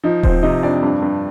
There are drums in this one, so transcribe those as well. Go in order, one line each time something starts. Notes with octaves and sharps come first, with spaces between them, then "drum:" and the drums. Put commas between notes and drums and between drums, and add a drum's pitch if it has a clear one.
F3 D#4
F3 C4 C5, drum: kick D#1
C3 D#4 D#5
F2 D4 D5
G2
G2